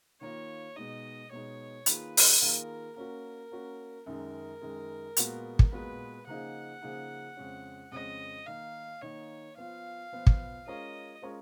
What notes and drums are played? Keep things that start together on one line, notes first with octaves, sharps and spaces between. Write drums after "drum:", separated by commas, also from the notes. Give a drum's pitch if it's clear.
D#3 A#3 F4 C#5
B2 G#3 D#4 D#5
B2 G#3 D#4 C#5
D#3 A#3 F4 G#4 B4, drum: hi-hat
drum: open hi-hat
D#3 A#3 F4 G#4 A#4
A#3 C#4 F#4 A#4
A#3 C#4 F#4
F#2 D#3 G#3 A#4
F#2 D#3 G#3
A#2 G#3 B3 F#4, drum: hi-hat
drum: kick
A#2 G#3 B3 F#4 B4
C#3 F3 A#3 D#4 G#4 F#5
C#3 F3 A#3 D#4 G#4
F2 C#3 G#3 C#4
F2 C#3 G#3 C#4 D#5
D#3 A#3 D#4 F5
D#3 A#3 D#4 C#5
F3 B3 F4 F5
F3 B3 F4
drum: kick
G#3 C#4 F4 A#4 C#5 D#5
G#3 C#4 F4 A#4 C#5